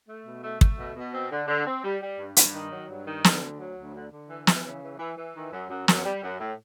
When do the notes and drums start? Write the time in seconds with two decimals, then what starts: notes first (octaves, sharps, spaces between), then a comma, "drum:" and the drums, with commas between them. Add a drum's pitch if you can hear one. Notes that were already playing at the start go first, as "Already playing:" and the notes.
0.08 A3
0.25 B2
0.44 A3
0.61 A3, drum: kick
0.78 B2
0.96 B2
1.14 C4
1.31 D3
1.48 D3
1.66 C4
1.84 G3
2.02 G3
2.19 G2
2.36 G2, drum: hi-hat
2.54 D#3
2.71 F#3
2.89 G2
3.07 D#3
3.24 D3, drum: snare
3.42 D2
3.59 F#3
3.77 D2
3.94 D3
4.12 D3
4.29 E3
4.47 E3, drum: snare
4.65 C#3
4.82 E3
4.99 E3
5.17 E3
5.35 D#3
5.53 F#2
5.70 F#2
5.88 F#2, drum: snare
6.05 G3
6.23 F#2
6.40 A2